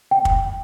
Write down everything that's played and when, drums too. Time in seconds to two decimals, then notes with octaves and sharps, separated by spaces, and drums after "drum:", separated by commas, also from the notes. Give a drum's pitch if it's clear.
0.11 G5
0.25 drum: kick